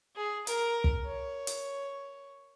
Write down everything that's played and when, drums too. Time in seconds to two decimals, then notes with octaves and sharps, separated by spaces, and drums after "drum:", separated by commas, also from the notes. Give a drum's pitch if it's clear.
0.16 G#4
0.47 A#4, drum: hi-hat
0.84 drum: kick
1.05 C#5
1.47 drum: hi-hat